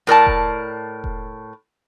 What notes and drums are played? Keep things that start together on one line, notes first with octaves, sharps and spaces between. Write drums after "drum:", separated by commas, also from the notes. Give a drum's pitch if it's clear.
A2 A#4 D5 A5
drum: kick E1
drum: kick E1